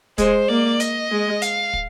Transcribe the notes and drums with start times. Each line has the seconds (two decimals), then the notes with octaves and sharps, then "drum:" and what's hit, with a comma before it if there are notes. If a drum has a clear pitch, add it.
0.18 G#3 C5, drum: kick, hi-hat
0.49 A#3 D5
0.80 D#5, drum: hi-hat
1.12 G#3
1.42 F5, drum: hi-hat
1.73 drum: kick